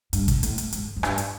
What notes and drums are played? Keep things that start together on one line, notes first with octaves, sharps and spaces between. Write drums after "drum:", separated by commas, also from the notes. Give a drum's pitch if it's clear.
G2, drum: hi-hat
drum: kick, hi-hat
A2, drum: hi-hat
drum: hi-hat
G#2, drum: hi-hat
F#2
G2, drum: rim click
drum: hi-hat